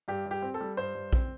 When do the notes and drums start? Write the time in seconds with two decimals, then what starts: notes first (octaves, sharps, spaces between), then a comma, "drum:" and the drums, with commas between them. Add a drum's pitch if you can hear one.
0.08 G2 G4
0.26 G2
0.31 G4
0.42 C4
0.54 A4
0.60 G3
0.77 G2 C5
0.95 G2
1.13 C4, drum: kick A#1